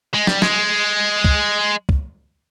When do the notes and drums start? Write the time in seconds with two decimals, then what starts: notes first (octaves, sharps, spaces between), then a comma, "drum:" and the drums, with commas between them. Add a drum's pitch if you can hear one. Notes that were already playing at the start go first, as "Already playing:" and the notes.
0.14 G#3
0.27 G3, drum: snare
0.42 G#3, drum: snare
1.24 drum: kick
1.89 drum: kick